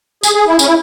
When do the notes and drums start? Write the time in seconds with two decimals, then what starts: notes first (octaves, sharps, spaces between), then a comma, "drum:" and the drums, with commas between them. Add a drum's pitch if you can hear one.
0.23 G#4, drum: tambourine
0.35 G#4
0.47 E4
0.59 C#4, drum: tambourine
0.67 E4